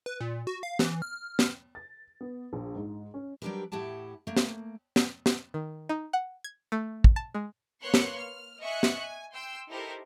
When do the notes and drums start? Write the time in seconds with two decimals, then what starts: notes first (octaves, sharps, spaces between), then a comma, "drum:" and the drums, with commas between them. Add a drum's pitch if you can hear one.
0.06 B4
0.21 A#2
0.47 F#4
0.63 F5
0.79 E3, drum: snare
1.02 F6
1.39 drum: snare
1.75 A6
2.21 B3
2.53 A#1
2.75 G#2
3.14 C#4
3.42 F#3 G3 D4 G4 A#4 B4
3.72 A2 E4 F#4 G4 A5
4.27 A3 A#3
4.37 drum: snare
4.96 drum: snare
5.26 drum: snare
5.54 D#3
5.89 D#4
6.13 F#5
6.44 G#6
6.72 A3
7.04 drum: kick
7.16 A5
7.34 G#3
7.80 A#3 B4 C#5 C6 C#6 F#6
7.94 drum: snare
8.16 F6
8.60 D#5 E5 G#5 C#6 F#6 C#7
8.83 drum: snare
9.00 G#5
9.33 G5 C6 E6
9.69 D#4 E4 G4 A4 A#4 C5